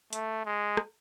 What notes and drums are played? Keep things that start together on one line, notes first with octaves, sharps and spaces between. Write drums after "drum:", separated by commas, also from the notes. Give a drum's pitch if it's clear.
A3, drum: hi-hat
G#3
drum: rim click